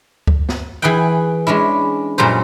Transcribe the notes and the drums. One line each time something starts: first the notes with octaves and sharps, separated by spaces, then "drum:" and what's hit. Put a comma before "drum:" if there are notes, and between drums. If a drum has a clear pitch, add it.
drum: kick D2
drum: snare
E3 G#4 B4 F#5 G5
G#3 C#4 D4 E4
F#2 A#2 F#3 G3 A4 C5